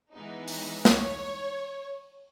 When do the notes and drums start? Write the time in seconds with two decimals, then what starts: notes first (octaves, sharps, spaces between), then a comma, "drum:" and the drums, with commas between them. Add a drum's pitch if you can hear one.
0.15 E3 G#3 B3 D#4
0.48 drum: open hi-hat
0.85 C#5, drum: snare